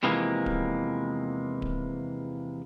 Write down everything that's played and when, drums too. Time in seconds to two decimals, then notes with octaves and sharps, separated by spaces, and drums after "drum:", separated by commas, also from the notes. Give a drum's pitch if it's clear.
0.03 E2 C3 E3 F3 G#3 A#3
0.46 drum: kick D1
1.62 drum: kick D1